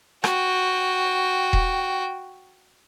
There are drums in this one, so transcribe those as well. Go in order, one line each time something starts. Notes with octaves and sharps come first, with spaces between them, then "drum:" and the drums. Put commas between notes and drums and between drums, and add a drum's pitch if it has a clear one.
F#4 G5, drum: rim click
drum: kick D#1